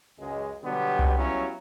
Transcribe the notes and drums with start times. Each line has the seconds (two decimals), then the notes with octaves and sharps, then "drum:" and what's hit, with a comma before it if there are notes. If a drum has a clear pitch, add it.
0.19 C#2 F#2 G#3
0.63 B2 D3 F#3 G3 B3 G4
0.99 drum: tom C2
1.18 F#3 G3 B3 C#4 E4 F4